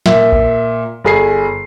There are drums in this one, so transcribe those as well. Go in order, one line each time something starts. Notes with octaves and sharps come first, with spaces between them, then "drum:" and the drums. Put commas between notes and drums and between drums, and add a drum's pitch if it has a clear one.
A#2 E5, drum: snare
drum: kick A#1
G1 G#4 C7